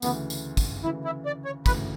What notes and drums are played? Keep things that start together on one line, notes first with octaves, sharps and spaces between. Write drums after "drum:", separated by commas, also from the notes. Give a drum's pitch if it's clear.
D2 C#3 E3 B3, drum: tambourine
drum: tambourine
drum: kick, tambourine
D2 C#3 E3 E4
E4
D5
C#5
D2 C#3 E3 B4, drum: kick, tambourine